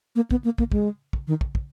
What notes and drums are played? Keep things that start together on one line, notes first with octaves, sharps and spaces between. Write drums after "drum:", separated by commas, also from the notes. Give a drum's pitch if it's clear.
A#3
B3, drum: kick
A#3
A#3, drum: kick
G#3, drum: kick
drum: kick
D#3
drum: kick
drum: kick